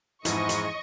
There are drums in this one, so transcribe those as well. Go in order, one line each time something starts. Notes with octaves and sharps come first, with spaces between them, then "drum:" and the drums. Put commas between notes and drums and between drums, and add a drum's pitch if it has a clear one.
F2 G#2 E3 E4 D#5 C#6, drum: hi-hat
drum: hi-hat